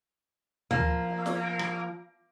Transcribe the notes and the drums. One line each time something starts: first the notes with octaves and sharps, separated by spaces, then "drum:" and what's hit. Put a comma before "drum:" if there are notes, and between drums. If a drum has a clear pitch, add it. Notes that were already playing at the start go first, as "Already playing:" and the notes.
F3 A#3, drum: tom D2
drum: snare
drum: rim click